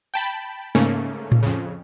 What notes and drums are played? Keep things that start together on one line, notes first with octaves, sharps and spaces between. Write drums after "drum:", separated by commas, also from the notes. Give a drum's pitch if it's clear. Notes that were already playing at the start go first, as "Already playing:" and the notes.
G5 A5 B5
G#2 C#3 A3 A#3 C#4
drum: tom A2
F2 C#3